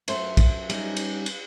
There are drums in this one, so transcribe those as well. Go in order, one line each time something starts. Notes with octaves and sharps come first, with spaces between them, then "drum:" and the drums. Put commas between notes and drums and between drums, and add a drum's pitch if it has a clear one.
F#2 A3 C5, drum: cymbal
drum: kick, cymbal
G3 C#4 D#4, drum: cymbal
drum: cymbal
drum: cymbal